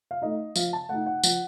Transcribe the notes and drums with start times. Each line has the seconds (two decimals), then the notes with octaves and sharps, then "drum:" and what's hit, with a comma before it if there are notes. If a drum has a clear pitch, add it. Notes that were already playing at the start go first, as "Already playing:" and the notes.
0.11 F5
0.22 A3 D#4 D#5
0.56 F3 F5, drum: tambourine
0.73 A5
0.89 A3 D#4 F#5
1.06 F#5
1.23 F3 F#5, drum: tambourine